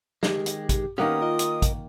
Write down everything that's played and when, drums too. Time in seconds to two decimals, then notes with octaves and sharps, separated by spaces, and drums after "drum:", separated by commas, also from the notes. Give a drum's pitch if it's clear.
0.23 D#3 G#3 G4, drum: snare
0.46 drum: hi-hat
0.69 drum: kick A1, hi-hat
0.98 D#3 A#3 B3 C#4 G4 F#5 D#6
1.22 F4 A#4 D#5
1.39 drum: hi-hat
1.62 drum: kick A1, hi-hat